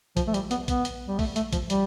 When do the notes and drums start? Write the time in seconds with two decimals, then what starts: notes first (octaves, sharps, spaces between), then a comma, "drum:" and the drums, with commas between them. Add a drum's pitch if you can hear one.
0.17 F3, drum: kick A#1, hi-hat
0.27 A3
0.34 G3, drum: hi-hat
0.51 B3, drum: hi-hat
0.68 B3, drum: kick A#1, hi-hat
0.85 drum: hi-hat
1.08 G3
1.19 A3, drum: kick A#1, open hi-hat
1.36 A3, drum: hi-hat
1.53 F3, drum: kick A#1, hi-hat
1.70 G3, drum: hi-hat